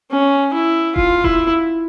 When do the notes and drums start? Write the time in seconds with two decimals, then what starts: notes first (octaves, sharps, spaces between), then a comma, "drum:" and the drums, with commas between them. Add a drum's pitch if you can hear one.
0.11 C#4
0.53 E4
0.96 F4, drum: kick E1
1.24 E4, drum: kick E1